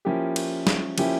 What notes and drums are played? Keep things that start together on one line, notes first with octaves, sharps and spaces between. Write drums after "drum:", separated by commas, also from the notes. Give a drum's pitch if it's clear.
F3 A#3 C#4 E4 G4
drum: cymbal
drum: snare
F3 A#3 C#4 E4 G4, drum: cymbal